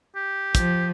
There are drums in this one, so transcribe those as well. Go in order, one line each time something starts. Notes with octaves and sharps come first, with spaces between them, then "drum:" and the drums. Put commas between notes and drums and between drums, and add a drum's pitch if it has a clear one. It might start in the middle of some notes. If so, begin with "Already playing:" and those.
G4
F3, drum: kick, hi-hat